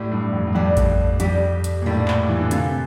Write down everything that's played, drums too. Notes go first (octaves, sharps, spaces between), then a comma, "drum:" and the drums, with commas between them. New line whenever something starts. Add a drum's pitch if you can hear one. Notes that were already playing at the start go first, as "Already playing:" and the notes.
Already playing: A2 G3 D4 G4
G2
F2
G2
F2 G3 D4 G4
drum: kick A1, hi-hat
F2 G3 D4 G4, drum: hi-hat
drum: hi-hat
A#2
A2 G3 D4 G4
drum: clap
E3
D3
C3 E3 A#3 F4 A4, drum: hi-hat